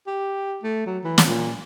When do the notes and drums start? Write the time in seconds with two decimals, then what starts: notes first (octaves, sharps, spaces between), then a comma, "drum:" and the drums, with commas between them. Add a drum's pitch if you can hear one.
0.07 G4
0.63 A3
0.86 F#3
1.04 E3
1.18 drum: snare
1.27 A#2